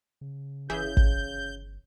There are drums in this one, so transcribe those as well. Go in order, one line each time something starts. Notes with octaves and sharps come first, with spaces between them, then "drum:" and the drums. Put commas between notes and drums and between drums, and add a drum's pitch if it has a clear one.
C#3
G1 C#3 E3 G#4 E5 G6
drum: kick